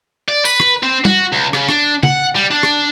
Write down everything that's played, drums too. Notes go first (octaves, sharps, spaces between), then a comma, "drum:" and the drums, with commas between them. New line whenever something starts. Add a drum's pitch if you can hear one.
D5
B4, drum: tambourine
drum: rim click
C4
F#4, drum: tom
C#2
C#3, drum: rim click
D4, drum: rim click
F#5, drum: tom
G3
D4
drum: rim click